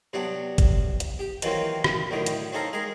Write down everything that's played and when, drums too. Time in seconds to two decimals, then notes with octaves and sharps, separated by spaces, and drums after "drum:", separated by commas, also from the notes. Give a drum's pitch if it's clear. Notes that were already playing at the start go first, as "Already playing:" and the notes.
0.13 C3 F#3 B3 D4
0.58 drum: kick, hi-hat
1.00 drum: hi-hat
1.19 G4
1.42 D#3 E3 F#3 A#3 C4 F4, drum: hi-hat
1.84 drum: rim click
2.11 F#2 A2 D3 D#3
2.26 drum: hi-hat
2.52 C4 C#4 D#4 A4 F5 A#5
2.73 G#3 G#4 A#4